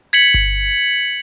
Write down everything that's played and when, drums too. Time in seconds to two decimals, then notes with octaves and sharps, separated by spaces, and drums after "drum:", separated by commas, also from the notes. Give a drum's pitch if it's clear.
0.13 G#6 B6 C#7 F#7
0.34 drum: kick G1